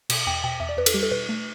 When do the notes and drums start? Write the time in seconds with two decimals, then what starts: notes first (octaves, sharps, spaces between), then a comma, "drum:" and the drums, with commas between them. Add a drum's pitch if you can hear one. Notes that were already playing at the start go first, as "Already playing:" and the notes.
0.10 B2, drum: cymbal
0.27 E2 G5
0.44 B2 G5
0.60 E2 E5
0.69 D5
0.77 E2 B4
0.86 A4, drum: cymbal
0.94 G3 G4
1.03 A4
1.11 B2 B4
1.29 A3